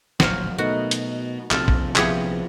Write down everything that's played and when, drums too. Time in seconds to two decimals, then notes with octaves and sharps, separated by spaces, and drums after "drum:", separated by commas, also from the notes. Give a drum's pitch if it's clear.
0.20 D1 A#1 F#3 C5 F5, drum: snare
0.58 B2 A3 D#4 F#4 A#4
0.91 drum: hi-hat
1.51 A#1 C3 F4 A4, drum: clap
1.68 drum: kick
1.96 F3 B3 E4 F4 G4 G#4, drum: clap